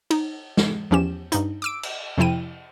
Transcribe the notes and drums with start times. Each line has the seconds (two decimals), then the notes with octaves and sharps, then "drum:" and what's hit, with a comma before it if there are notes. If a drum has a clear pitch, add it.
0.11 D#4, drum: cymbal
0.57 drum: snare
0.91 E2 F3 C#4 G4 E7
1.32 G2 D#4, drum: hi-hat
1.62 D6 E6 D7
1.83 drum: cymbal
2.18 F2 C3 F3 E4 G5 D#7